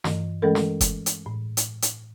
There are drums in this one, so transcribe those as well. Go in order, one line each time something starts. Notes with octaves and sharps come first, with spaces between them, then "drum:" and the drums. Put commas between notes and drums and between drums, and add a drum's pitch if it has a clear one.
G2 E3, drum: snare
E3 G#3 A3 C#4 A4 A#4
drum: snare
drum: kick F#1, hi-hat
drum: hi-hat
A2
drum: hi-hat
drum: hi-hat